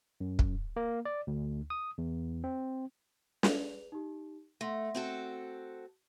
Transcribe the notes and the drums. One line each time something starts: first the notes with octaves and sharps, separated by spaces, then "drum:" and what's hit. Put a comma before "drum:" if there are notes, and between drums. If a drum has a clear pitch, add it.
F#2
drum: kick
A#3
D5
D2
D#6
E2
C4
G#4 B4 F7, drum: snare
D#4 G4
A3 F#5 C6 A#6
C4 F#4 A4